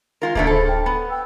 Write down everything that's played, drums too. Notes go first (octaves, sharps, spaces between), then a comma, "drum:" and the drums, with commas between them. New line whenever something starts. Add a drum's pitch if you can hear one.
G#3 F4 A#4
D3 A3 A#3 B4 F5, drum: kick D1
G#4 A4 C5 B5
G5 F6
B3 A4 B5
G5 E6